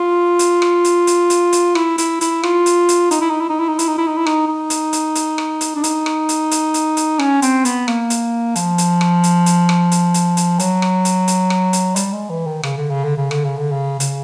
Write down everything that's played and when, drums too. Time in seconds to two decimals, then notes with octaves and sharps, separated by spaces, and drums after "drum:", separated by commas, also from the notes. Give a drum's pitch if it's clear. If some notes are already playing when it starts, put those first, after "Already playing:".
Already playing: F4
0.39 drum: hi-hat
0.62 drum: rim click
0.84 drum: hi-hat
1.07 drum: hi-hat
1.30 drum: hi-hat
1.53 drum: hi-hat
1.75 E4, drum: rim click
1.98 E4, drum: hi-hat
2.21 E4, drum: hi-hat
2.43 F4, drum: rim click
2.66 drum: hi-hat
2.89 drum: hi-hat
3.11 D#4, drum: hi-hat
3.21 E4
3.30 D#4
3.41 E4
3.50 D#4
3.60 E4
3.69 D#4
3.79 E4, drum: hi-hat
3.89 D#4
3.98 E4
4.08 D#4
4.18 E4
4.26 D#4, drum: rim click
4.48 D#4
4.70 drum: hi-hat
4.93 drum: hi-hat
5.15 drum: hi-hat
5.38 drum: rim click
5.61 drum: hi-hat
5.76 D4
5.84 D#4, drum: hi-hat
6.06 drum: rim click
6.29 drum: hi-hat
6.51 drum: hi-hat
6.74 drum: hi-hat
6.97 drum: hi-hat
7.19 C#4, drum: rim click
7.42 C4, drum: hi-hat
7.65 B3, drum: hi-hat
7.88 A#3, drum: rim click
8.10 drum: hi-hat
8.56 F3, drum: hi-hat
8.78 drum: hi-hat
9.01 drum: rim click
9.23 drum: hi-hat
9.46 drum: hi-hat
9.69 drum: rim click
9.92 drum: hi-hat
10.14 drum: hi-hat
10.37 drum: hi-hat
10.59 F#3, drum: hi-hat
10.82 drum: rim click
11.05 drum: hi-hat
11.28 drum: hi-hat
11.50 drum: rim click
11.73 drum: hi-hat
11.96 G3, drum: hi-hat
12.13 G#3
12.29 E3
12.47 D#3
12.63 C#3, drum: rim click
12.77 D3
12.90 C#3
13.04 D3
13.18 C#3
13.31 D3, drum: rim click
13.45 C#3
13.58 D3
13.71 C#3
14.00 C#3, drum: hi-hat